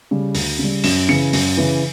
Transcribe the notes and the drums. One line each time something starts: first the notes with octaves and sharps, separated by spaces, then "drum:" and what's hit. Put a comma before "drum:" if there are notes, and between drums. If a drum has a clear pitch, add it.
C#3 G3
D2, drum: open hi-hat
C#3
G3
F#2 E7, drum: open hi-hat
C#3 E3 C#7
F#2, drum: open hi-hat
C#3 E3